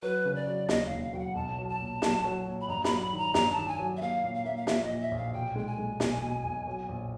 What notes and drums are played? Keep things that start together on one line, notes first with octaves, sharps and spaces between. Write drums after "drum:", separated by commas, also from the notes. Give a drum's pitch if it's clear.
F#3 B4
C#3
D5
F#3
D#2 D#5, drum: snare
F5
E1
F5
F#3 G5
F#5
B1 A5
F#3
A5
A#2
F#3, drum: snare
F#3
A#2
B5
G2 A#5
B5, drum: snare
F#3
B5
D#3
A#5
G2 A#5, drum: snare
A5
D#3
G#5
F#3
E5
A#3 F5
A#2
F5
A#3 E5
F5
F3 E5, drum: snare
D#5
A#2
E5
A#1
F5
B1 G5
G#3 G5
G#5
G#3
B1, drum: snare
B2
B1
F#3
A#1